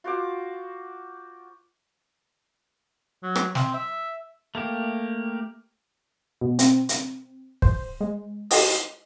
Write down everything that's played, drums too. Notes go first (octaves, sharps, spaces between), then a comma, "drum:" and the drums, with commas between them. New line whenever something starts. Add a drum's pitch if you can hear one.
F4 F#4 C5 D6
F#3
drum: rim click
C4, drum: snare
E5
A3 A#3 G4
B2
C4, drum: hi-hat
drum: hi-hat
C5, drum: kick
G#3
D#5, drum: open hi-hat